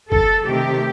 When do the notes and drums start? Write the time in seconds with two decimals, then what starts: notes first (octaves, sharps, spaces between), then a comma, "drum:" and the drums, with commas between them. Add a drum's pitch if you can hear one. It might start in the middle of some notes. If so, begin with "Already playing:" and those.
0.12 A4, drum: kick
0.46 C3 D#3 A3 C4 G4